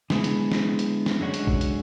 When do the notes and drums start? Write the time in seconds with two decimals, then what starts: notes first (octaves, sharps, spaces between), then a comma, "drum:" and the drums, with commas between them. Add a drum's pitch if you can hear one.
0.10 D3 G#3 B3 E4 G#4, drum: snare
0.24 drum: hi-hat
0.52 drum: snare
0.79 drum: hi-hat
1.06 drum: snare
1.20 F#2 D3 G#3 C#4 F#4
1.34 drum: hi-hat
1.47 drum: kick
1.61 drum: hi-hat